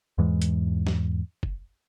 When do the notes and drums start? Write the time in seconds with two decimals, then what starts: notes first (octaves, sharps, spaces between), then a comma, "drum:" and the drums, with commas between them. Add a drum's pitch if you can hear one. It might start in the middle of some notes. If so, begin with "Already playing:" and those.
0.18 E2 G#2 E3 G#3
0.42 drum: hi-hat
0.87 drum: snare
1.43 drum: kick